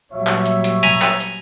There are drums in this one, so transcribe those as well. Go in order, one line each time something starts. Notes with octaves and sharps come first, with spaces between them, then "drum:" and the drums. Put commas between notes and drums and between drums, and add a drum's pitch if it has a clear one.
A#2 F#3 G3 C#5 E5
drum: clap
drum: hi-hat
drum: hi-hat
G#5 A#5 B5, drum: hi-hat
drum: clap
drum: hi-hat